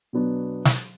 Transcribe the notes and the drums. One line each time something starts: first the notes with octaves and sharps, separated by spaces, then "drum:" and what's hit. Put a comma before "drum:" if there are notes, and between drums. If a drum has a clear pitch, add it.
B2 F#3 B3 D4 F#4
drum: snare